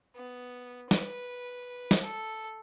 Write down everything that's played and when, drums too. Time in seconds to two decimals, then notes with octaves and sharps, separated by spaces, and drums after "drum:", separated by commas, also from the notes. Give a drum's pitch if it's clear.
0.16 B3
0.91 B4, drum: snare
1.91 drum: snare
2.01 A4